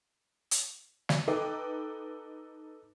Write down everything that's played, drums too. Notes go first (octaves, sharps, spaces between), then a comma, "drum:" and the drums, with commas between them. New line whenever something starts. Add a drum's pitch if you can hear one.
drum: hi-hat
drum: snare
D#4 A4 B4 D#5 G5 D6